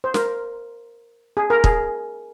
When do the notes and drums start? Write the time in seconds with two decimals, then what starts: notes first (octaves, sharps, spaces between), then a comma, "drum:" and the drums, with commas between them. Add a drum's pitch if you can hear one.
0.04 C5
0.14 A#4, drum: snare
1.37 G#4
1.50 A#4
1.64 G#4, drum: kick